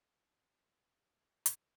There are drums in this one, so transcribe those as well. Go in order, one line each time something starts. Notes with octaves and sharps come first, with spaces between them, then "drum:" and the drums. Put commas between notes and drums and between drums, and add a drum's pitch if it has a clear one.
F#4 C#6 E6
B5 E6
D#5 F6
D#4 F6 F#6
drum: hi-hat